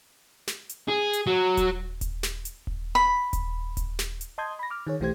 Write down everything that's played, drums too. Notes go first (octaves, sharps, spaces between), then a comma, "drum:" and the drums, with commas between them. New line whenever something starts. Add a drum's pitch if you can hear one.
drum: snare
drum: hi-hat
G#4
drum: hi-hat
F#3
drum: kick D#1, hi-hat
drum: kick D#1, hi-hat
drum: snare
drum: hi-hat
drum: kick D#1
B5
drum: kick D#1, hi-hat
drum: kick D#1, hi-hat
drum: snare
drum: hi-hat
D#5 A5 C6 D#6 G6 G#6
B5 A#6
D6 F6
D#3 G#4 C#5
B1 E3 A3 G4 C5 G#6